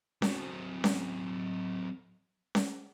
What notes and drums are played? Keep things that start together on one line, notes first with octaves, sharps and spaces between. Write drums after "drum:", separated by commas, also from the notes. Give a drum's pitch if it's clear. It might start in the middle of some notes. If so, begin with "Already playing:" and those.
F#3 C4, drum: snare C#4
drum: snare C#4
drum: snare C#4